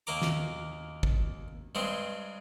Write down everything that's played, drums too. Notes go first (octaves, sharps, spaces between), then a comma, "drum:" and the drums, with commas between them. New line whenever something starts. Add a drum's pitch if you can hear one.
D#2 A#3 A#5 D6
drum: snare
drum: kick
G2 G#3 C4